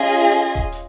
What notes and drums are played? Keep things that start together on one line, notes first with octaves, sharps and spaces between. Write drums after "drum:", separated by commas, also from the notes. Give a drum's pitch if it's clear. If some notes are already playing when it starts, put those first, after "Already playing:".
Already playing: C#4 F4 G#4 D#5
drum: kick D#1
drum: hi-hat